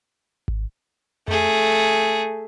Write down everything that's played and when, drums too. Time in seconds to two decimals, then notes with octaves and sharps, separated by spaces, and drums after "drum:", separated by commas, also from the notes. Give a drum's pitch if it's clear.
0.48 drum: kick G#1
1.28 A3 G#4, drum: tom F2